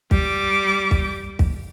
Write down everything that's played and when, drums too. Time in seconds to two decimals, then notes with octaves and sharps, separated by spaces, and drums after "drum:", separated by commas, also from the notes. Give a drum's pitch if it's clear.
0.11 G3 D6, drum: kick
0.91 drum: kick
1.39 drum: kick